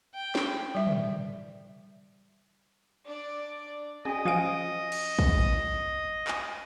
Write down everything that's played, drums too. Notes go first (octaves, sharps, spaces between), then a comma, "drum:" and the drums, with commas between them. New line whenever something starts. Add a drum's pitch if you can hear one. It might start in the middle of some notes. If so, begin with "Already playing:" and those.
G5
drum: snare
G3 E5
drum: tom
D4 D5
C#4 F#4 G#4 D#5 G#5
F3 C5 F5 D#6 D7
drum: cymbal
drum: kick
drum: clap